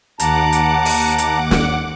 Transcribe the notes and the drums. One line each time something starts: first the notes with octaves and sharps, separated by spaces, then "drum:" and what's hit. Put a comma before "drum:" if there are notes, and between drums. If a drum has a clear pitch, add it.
D#2 F#5 A5 A#5 D6, drum: hi-hat
drum: hi-hat
drum: open hi-hat
drum: hi-hat
drum: snare